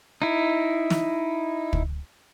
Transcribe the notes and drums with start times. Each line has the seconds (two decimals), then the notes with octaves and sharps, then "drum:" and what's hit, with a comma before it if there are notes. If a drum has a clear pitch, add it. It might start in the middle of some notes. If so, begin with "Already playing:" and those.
0.22 D#4 E4
0.90 drum: snare
1.73 drum: kick